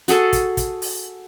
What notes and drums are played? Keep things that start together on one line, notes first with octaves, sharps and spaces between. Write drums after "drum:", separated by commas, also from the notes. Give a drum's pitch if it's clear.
F#4 G#4 A4 A5, drum: hi-hat
drum: kick, hi-hat
drum: kick, hi-hat
drum: open hi-hat